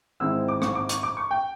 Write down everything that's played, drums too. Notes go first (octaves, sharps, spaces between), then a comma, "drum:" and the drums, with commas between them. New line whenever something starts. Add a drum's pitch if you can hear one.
G#2 D#3 G#3 C4 E4 E6
D6
C#6, drum: rim click
D6
C#6, drum: hi-hat
D6
C#6
G5